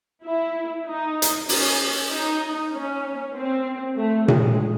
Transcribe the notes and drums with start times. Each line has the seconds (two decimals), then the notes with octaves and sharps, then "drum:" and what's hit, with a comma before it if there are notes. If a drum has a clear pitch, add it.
0.25 E4
0.87 D#4
1.22 drum: hi-hat
1.49 C#4, drum: open hi-hat
2.11 D#4
2.73 C#4
3.36 C4
3.97 A3
4.28 G#3, drum: tom A#2